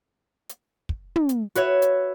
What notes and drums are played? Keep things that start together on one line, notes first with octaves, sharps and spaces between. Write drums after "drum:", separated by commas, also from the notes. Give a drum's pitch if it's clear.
drum: hi-hat
drum: kick
drum: tom
drum: hi-hat
F#4 B4 C#5 E5, drum: hi-hat
drum: hi-hat